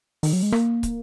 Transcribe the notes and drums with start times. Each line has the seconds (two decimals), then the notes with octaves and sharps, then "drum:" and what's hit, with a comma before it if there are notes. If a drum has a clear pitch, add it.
0.23 D#3, drum: open hi-hat
0.33 F#3
0.43 G#3
0.52 A#3, drum: rim click
0.83 drum: kick, hi-hat